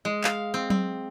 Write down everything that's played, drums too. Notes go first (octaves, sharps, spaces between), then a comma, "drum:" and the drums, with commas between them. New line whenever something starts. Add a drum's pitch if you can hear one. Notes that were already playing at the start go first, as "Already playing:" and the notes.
G#3
F5, drum: clap
C4
C4, drum: tom F#3